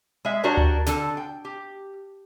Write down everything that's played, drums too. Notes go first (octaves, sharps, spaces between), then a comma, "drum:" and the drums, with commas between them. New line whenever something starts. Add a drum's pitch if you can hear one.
G#3 E5
D4 F#4 G4 A#4 C#5 D5
drum: tom D2
D3 A4, drum: snare
G5
G4